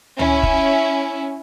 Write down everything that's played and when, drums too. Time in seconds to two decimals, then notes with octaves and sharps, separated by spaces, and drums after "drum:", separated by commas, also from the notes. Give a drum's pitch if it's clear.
0.19 C#4 E4, drum: tom C#2
0.43 drum: kick